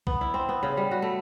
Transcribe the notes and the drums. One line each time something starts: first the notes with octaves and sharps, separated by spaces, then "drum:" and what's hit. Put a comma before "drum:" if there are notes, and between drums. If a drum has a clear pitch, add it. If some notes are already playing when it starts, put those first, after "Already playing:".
B3, drum: kick B1
E4
C4
B3
C#3
G3
F#4
A3